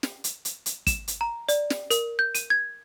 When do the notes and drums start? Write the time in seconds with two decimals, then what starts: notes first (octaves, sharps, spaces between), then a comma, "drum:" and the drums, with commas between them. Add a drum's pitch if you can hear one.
0.03 drum: snare
0.24 drum: hi-hat
0.45 drum: hi-hat
0.66 drum: hi-hat
0.87 E7, drum: kick, hi-hat
1.08 drum: hi-hat
1.21 A#5
1.49 D5, drum: hi-hat
1.70 drum: snare
1.90 A#4, drum: hi-hat
2.19 G6
2.35 D#7, drum: hi-hat
2.50 G#6